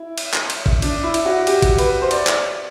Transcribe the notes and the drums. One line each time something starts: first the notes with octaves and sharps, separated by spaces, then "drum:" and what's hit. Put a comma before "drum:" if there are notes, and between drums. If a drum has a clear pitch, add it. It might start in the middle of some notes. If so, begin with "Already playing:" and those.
Already playing: E4
drum: cymbal
drum: clap
drum: cymbal
drum: kick G#1
D4, drum: cymbal
E4
drum: cymbal
F#4
G4, drum: cymbal
drum: kick G#1, cymbal
B4, drum: cymbal
C5
D5, drum: cymbal
drum: clap